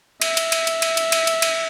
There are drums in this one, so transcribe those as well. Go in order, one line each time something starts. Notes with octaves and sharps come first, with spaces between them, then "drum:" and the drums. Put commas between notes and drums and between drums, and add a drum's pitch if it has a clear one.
E5, drum: cymbal
drum: cymbal
drum: cymbal
drum: cymbal
drum: cymbal
drum: cymbal
drum: cymbal
drum: cymbal
drum: cymbal